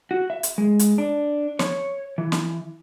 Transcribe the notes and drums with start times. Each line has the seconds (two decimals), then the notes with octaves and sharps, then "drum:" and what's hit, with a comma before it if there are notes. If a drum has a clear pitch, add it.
0.11 F#4
0.30 E5
0.43 drum: hi-hat
0.58 G#3
0.79 drum: hi-hat
0.98 D4
1.59 C#5, drum: snare
2.18 E3
2.32 drum: snare